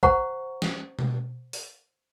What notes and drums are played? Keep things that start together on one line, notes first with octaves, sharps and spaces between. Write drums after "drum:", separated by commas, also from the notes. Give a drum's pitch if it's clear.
C5 F#5 A#5 C#6, drum: kick
drum: snare
drum: tom B2
drum: open hi-hat